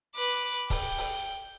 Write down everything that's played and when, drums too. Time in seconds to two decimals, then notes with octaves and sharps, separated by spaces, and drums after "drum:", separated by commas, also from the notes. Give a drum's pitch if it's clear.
0.15 B4 D6
0.70 G5, drum: kick, open hi-hat
0.98 drum: open hi-hat